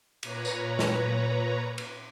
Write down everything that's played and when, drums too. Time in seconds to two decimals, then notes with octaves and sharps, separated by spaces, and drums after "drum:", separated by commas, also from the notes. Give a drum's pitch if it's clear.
0.23 A#2 B4 C#5 A#5, drum: cymbal
0.45 drum: tambourine
0.79 drum: snare
1.78 drum: cymbal